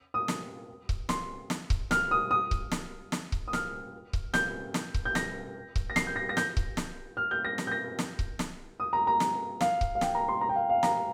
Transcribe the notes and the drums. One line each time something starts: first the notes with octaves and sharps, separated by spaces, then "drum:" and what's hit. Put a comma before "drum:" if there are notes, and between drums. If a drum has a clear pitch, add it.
D#6
drum: snare
drum: kick C#1
C6, drum: snare
drum: snare
drum: kick C#1
F6, drum: snare
D#6
D#6
drum: kick C#1
drum: snare
drum: snare
drum: kick C#1
D#6
F6, drum: snare
drum: kick C#1
G6, drum: snare
drum: snare
drum: kick C#1
G6
A#6, drum: snare
drum: kick C#1
A#6
C7, drum: snare
G6
A#6
A#6
G6, drum: snare
drum: kick C#1
drum: snare
F6
G6
A#6
drum: snare
G6
A#6
drum: snare
drum: kick C#1
drum: snare
D#6
A#5
A#5
drum: snare
F5, drum: snare
drum: kick C#1
F5
G5, drum: snare
A#5
C6
A#5
G5
F5
F5
A#5, drum: snare